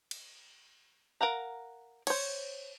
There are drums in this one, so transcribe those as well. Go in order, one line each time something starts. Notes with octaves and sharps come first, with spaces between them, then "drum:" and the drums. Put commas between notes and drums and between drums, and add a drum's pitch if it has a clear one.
drum: cymbal
A#4 F5 F#5 A#5
C5 C#5, drum: cymbal